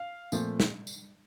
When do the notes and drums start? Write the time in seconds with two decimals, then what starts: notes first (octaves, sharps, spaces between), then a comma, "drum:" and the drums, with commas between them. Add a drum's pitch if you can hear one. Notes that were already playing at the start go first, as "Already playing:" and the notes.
Already playing: F5
0.32 A#2 F3 A3 C4, drum: tambourine
0.60 drum: snare
0.87 drum: tambourine